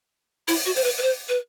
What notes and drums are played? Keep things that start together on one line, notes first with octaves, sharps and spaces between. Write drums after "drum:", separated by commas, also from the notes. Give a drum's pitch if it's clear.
E4, drum: open hi-hat
F#4
C5, drum: open hi-hat
B4
B4
C5
B4